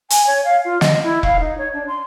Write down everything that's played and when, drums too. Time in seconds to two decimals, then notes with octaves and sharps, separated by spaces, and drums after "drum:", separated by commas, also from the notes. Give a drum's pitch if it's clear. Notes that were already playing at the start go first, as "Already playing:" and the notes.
0.10 G#5, drum: hi-hat
0.26 C#5
0.44 F5
0.64 F4
0.81 D#5, drum: snare
1.03 E4
1.23 F5, drum: kick E1
1.39 D#4
1.58 C#5
1.73 D4
1.87 C6